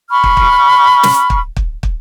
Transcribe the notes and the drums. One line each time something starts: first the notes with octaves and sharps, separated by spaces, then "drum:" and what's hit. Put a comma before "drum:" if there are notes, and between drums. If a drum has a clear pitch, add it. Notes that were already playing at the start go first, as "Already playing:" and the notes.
B5 C#6 F6
drum: kick
drum: kick
drum: snare
drum: kick
drum: kick
drum: kick